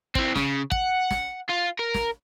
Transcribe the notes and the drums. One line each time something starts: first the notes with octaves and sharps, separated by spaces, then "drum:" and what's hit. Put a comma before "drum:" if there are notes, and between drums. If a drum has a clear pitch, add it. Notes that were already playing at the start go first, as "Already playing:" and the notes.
E3 C4, drum: kick
C#3, drum: snare
F#5, drum: kick
drum: snare
F4
A#4
drum: snare